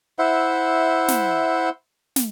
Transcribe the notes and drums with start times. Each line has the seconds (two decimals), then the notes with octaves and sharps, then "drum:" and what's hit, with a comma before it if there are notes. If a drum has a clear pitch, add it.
0.19 E4 C5 E5 F#5
1.08 drum: snare
2.16 drum: snare